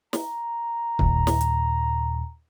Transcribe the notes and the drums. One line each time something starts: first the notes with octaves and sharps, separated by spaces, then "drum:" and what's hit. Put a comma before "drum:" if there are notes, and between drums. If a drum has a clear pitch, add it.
A#5, drum: snare
D#2 A#2, drum: kick
drum: snare
drum: hi-hat